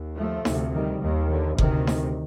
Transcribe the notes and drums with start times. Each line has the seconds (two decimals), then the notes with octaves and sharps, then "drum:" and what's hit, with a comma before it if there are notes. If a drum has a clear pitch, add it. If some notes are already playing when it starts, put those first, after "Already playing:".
Already playing: D#2
0.16 F3 A3
0.45 D2 C3, drum: snare D#4
0.73 D#3 G3
1.02 D#2 D#3
1.31 D3
1.58 D2 C3 D#3, drum: kick F#1
1.87 drum: snare D#4